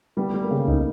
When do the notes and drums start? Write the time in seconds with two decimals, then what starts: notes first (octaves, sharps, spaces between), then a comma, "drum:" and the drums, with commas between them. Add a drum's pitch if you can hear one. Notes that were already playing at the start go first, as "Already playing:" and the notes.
0.17 G3 A3 B3
0.34 G3
0.42 A#3
0.51 C#3
0.68 D#4, drum: kick C2